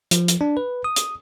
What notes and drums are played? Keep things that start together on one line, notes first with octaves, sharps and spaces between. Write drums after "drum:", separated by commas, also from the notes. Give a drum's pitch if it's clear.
F3, drum: hi-hat
drum: hi-hat
D4
B4
D#6
drum: hi-hat